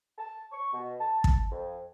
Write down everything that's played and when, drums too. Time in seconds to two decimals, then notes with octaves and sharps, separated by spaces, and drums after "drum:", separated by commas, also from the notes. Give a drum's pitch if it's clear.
0.18 A5
0.52 C#6
0.73 B2
1.00 A5
1.24 drum: kick
1.51 F2